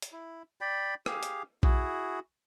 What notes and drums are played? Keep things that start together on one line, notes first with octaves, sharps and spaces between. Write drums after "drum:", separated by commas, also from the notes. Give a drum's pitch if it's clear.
drum: hi-hat
E4
D5 G5 B5
G4 G#4 F5, drum: rim click
drum: hi-hat
E4 F#4 G#4, drum: kick A#1